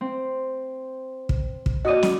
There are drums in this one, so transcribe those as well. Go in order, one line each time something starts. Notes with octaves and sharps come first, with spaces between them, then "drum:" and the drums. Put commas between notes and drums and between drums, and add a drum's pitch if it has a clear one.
C4
drum: kick
drum: kick
F#4 D5 D#5 D#6 D#7
drum: snare